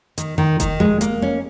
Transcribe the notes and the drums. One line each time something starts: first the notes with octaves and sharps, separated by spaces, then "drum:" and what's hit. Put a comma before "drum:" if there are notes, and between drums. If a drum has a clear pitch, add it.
D#3, drum: hi-hat
D#3
D#3, drum: kick F1, hi-hat
G#3
A#3, drum: hi-hat
C#4